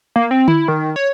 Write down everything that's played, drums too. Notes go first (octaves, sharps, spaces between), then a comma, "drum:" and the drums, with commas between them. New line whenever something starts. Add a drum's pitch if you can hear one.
A#3
C4
E4, drum: tom D3
D#3
C#5